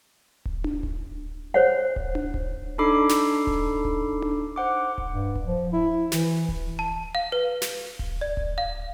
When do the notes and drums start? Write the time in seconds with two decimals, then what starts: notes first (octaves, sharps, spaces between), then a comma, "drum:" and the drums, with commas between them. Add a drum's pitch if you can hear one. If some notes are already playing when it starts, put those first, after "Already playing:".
0.45 drum: kick D1
0.64 drum: tom D4
0.83 drum: kick D1
1.54 C5 C#5 F#5
1.96 drum: kick D1
2.15 drum: tom D4
2.34 drum: kick D1
2.78 D4 D#4 A4 B5 D6 C7
3.09 drum: snare
3.47 drum: kick D1
3.85 drum: kick D1
4.22 drum: tom D4
4.56 C5 F#5 D6
4.98 drum: kick D1
5.11 G2
5.35 drum: kick D1
5.46 F3
5.73 E4
6.12 E3, drum: snare
6.49 drum: kick D1
6.79 A5
7.15 F5
7.32 B4
7.62 drum: snare
7.99 drum: kick D1
8.21 D5
8.37 drum: kick D1
8.58 F5